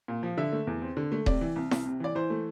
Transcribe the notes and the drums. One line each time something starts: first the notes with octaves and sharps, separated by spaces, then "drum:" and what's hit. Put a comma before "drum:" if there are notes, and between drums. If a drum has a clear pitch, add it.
A#2
F3
D3 E5
A3
E2
C4
D3
A3
C3 D5, drum: kick D#1
E3
C2
C2, drum: snare E4
C3
E3 D5
E3 C5
A3